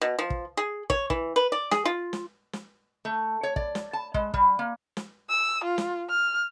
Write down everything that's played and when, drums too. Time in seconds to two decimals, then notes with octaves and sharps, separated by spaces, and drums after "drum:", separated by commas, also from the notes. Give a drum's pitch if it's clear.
0.01 B2
0.19 F3
0.30 drum: kick
0.57 G#4
0.90 C#5, drum: kick
1.10 E3, drum: kick
1.36 B4
1.52 D5
1.71 G#4, drum: snare
1.85 F4
2.13 drum: snare
2.53 drum: snare
3.05 A3
3.43 C#5
3.56 D5, drum: kick
3.75 drum: snare
3.93 A5
4.14 G#3, drum: kick
4.34 G3, drum: kick
4.59 A#3
4.97 drum: snare
5.30 E6
5.65 F4
5.78 drum: snare
6.10 F6